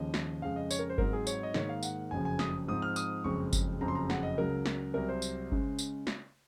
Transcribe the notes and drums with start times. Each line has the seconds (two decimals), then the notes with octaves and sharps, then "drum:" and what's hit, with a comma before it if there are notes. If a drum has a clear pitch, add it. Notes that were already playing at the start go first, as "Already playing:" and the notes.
Already playing: D#2 C#3 F3 D#5
0.14 drum: snare
0.42 F2 C#3 G#3 F5
0.56 D#5
0.71 C#5, drum: tambourine
0.79 A#4
0.90 C5
0.98 G#2 F#3 C4 A#4, drum: kick G1
1.13 G#4
1.27 C#5, drum: tambourine
1.43 D#5
1.54 G#2 D#3 A#3 C#5, drum: snare
1.69 F5
1.83 F#5, drum: tambourine
2.11 F#1 F2 C#3 F3 G#5
2.25 G#5
2.39 D#6, drum: snare
2.68 G#2 F3 C4 D#6
2.82 F6
2.96 D#6, drum: tambourine
3.24 F#1 F2 C#3 G#3 C4 C#6
3.53 drum: kick G1, tambourine
3.81 F#1 F2 C#3 F3 C4 A#5
3.88 C6
3.95 A#5
4.10 F#5, drum: snare
4.23 D#5
4.38 C#2 C#3 F#3 A#4
4.66 drum: snare
4.94 C2 C3 F#3 A#4
5.09 C5
5.22 drum: tambourine
5.52 C#3 G#3 C#4, drum: kick G1
5.79 drum: tambourine
6.07 drum: snare